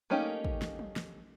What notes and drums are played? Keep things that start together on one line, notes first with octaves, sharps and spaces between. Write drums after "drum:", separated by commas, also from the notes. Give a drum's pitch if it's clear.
A3 A#3 C#4 D#4 G4
drum: kick
drum: snare
drum: tom F#3
drum: snare